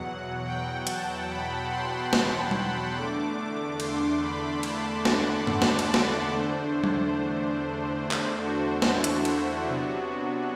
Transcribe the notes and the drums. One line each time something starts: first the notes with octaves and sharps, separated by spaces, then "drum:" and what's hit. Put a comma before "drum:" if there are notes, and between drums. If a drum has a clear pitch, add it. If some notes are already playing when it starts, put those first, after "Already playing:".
Already playing: E2 B2 F#3 F#5
G5
A5, drum: hi-hat
B5
C6
C6, drum: snare
drum: tom F#3
E2 D3 A3 D4 D6
C6, drum: cymbal
B5
A5, drum: cymbal
F#5, drum: snare
D5, drum: tom G2
drum: snare
drum: cymbal
drum: snare
E2 D3 A3 D4 C5
drum: tom F#3
drum: clap
F#4
E4, drum: snare
drum: hi-hat
drum: cymbal
C3 F#3 B3 D4 F#4